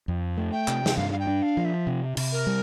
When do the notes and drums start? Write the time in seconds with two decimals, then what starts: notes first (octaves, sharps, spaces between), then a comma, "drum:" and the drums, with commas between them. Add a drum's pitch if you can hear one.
0.08 F2
0.37 A3
0.52 G5
0.68 C3, drum: clap
0.86 drum: snare
0.97 G2 F5
1.12 F5
1.19 G5
1.27 D4
1.42 F5
1.57 F3
1.65 E5
1.87 C3
2.17 C3, drum: cymbal
2.32 A#4
2.47 G3